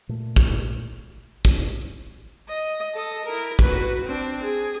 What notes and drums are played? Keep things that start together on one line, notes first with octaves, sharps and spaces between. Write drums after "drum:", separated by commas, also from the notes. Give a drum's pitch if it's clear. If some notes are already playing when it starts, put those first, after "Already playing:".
A#2 A3
drum: kick
drum: kick
D#5
A4 D#5
E4 A#4
F#4 B4, drum: kick
C4 D4
G#4